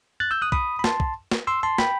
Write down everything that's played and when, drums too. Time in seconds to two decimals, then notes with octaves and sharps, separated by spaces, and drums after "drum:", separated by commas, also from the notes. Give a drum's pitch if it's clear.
0.20 F#6 A6
0.31 E6 G6
0.42 D#6 F#6
0.52 B5 D#6, drum: kick
0.79 B5
0.84 A5 C6, drum: snare
1.00 drum: kick
1.32 drum: snare
1.47 C6 E6
1.63 A5 C6
1.78 G5 B5, drum: snare